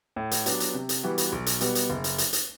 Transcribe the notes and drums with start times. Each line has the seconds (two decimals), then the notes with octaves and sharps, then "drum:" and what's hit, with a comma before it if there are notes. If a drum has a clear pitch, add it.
0.16 A2
0.31 drum: hi-hat
0.46 F#3 B3 D4 G4, drum: hi-hat
0.60 drum: hi-hat
0.74 C3
0.89 drum: hi-hat
1.03 E3 G3 B3 F#4
1.18 drum: hi-hat
1.32 B1
1.46 drum: hi-hat
1.61 B2 G3 B3, drum: hi-hat
1.75 drum: hi-hat
1.90 F#1
2.04 drum: hi-hat
2.18 drum: hi-hat
2.33 drum: hi-hat